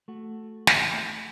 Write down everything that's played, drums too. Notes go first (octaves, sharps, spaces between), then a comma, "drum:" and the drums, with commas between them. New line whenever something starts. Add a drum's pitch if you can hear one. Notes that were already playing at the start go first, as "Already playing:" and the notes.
A3 F#4
drum: snare